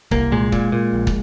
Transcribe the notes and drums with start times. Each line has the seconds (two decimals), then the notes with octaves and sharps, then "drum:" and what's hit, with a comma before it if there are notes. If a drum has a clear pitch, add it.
0.11 C2 A#3, drum: kick
0.32 A#2 G#3
0.52 A#2, drum: kick
0.72 A#2
0.93 A#1
1.07 drum: kick